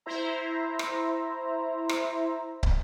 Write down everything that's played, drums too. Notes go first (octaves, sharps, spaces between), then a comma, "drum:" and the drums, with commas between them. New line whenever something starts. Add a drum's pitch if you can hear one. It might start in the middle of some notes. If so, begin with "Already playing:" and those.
E4 C5 E5 A#5
drum: rim click
drum: rim click
drum: kick